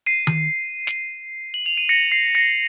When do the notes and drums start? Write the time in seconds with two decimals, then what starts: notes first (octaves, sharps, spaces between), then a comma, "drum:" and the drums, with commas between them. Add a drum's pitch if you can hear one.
0.06 C7 D#7
0.27 drum: tom D#3
0.87 drum: snare
1.54 F#7
1.66 F7
1.77 D#7
1.89 A#6 C#7
2.12 C7
2.35 A#6 C#7